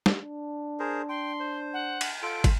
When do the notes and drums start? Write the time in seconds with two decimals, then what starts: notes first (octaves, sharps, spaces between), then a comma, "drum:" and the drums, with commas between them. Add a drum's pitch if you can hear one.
0.06 drum: snare
0.22 D4
0.79 G#4 A#4 C5
1.09 G5 C6
1.40 C5
1.73 F#5
2.01 drum: cymbal
2.23 F4 A4 D7
2.44 drum: kick, cymbal